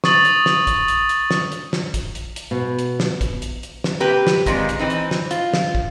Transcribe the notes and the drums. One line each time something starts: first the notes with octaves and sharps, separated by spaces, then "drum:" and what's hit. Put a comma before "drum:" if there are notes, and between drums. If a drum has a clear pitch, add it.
C#6 D#6 A6 F#7, drum: snare
drum: hi-hat
drum: snare
drum: kick, hi-hat
drum: hi-hat
drum: hi-hat
drum: snare
drum: hi-hat
drum: snare
drum: kick, hi-hat
drum: hi-hat
drum: hi-hat
B2
drum: hi-hat
drum: snare
drum: kick, hi-hat
drum: hi-hat
drum: hi-hat
drum: snare
C3 A#3 G4 B4
drum: snare
A#2 D#3 G#3 C4, drum: kick, hi-hat
drum: hi-hat
E3 C4 D#4
drum: hi-hat
drum: snare
F4, drum: hi-hat
drum: snare
drum: kick